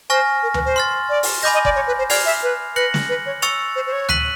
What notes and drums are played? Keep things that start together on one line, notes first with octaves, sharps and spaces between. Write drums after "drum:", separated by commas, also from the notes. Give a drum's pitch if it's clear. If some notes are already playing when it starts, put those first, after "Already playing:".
C5 G#5 C#6 F6 A#6
A#4
B4, drum: tom D2
C5
C6 F6 A6
D5
drum: open hi-hat
D#5 G#5 B5 D6 G6 A#6
D#5
D5, drum: kick F#1
C#5
B4
C5
D5 F6 G#6 C7 F7, drum: open hi-hat
E5
B4
B4 F#6 A#6 C#7 F#7
drum: snare
B4
C#5
C#6 E6 A6 C#7 F7, drum: hi-hat
C5
C5
C#5
F#6 B6 D#7 F#7, drum: tom D2